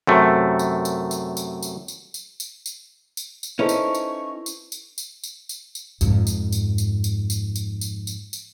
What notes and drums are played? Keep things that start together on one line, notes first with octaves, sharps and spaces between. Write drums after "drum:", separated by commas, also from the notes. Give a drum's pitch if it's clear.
F#2 C3 A3
drum: tambourine
drum: tambourine
drum: tambourine
drum: tambourine
drum: tambourine
drum: tambourine
drum: tambourine
drum: tambourine
drum: tambourine
drum: tambourine
drum: tambourine
C#4 D#4 E4 A4 B4 C5 C#6
drum: tambourine
drum: tambourine
drum: tambourine
drum: tambourine
drum: tambourine
drum: tambourine
drum: tambourine
drum: tambourine
F2 G#2, drum: tambourine
drum: tambourine
drum: tambourine
drum: tambourine
drum: tambourine
drum: tambourine
drum: tambourine
drum: tambourine
drum: tambourine
drum: tambourine